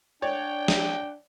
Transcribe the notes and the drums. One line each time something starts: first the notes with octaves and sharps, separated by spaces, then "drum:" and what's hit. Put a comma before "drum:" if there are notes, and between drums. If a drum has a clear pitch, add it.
D4 C#5 D5 G5
drum: snare